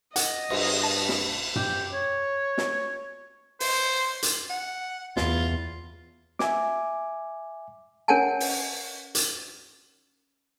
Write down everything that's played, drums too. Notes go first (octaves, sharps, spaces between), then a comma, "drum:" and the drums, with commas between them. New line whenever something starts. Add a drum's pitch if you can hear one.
D#5 F#5, drum: hi-hat
G2, drum: cymbal
A5
drum: snare
G4, drum: tom
C#5
drum: snare
C5, drum: open hi-hat
drum: hi-hat
F#5
E2 F4, drum: snare
E5 G#5 D6, drum: snare
C#4 A#4 C#5 F#5 G#5 A5
drum: open hi-hat
drum: hi-hat